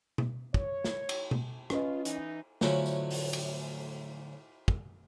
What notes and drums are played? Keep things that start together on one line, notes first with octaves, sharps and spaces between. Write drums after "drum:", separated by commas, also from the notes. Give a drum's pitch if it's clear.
drum: tom B2
C#5, drum: kick
drum: snare
drum: cymbal
drum: tom B2
C#4 F4 B4 D#5, drum: rim click
E3 D#4, drum: hi-hat
A2 D3 F3 F#3 C#4 E4, drum: snare
drum: tambourine
drum: open hi-hat
drum: cymbal
drum: kick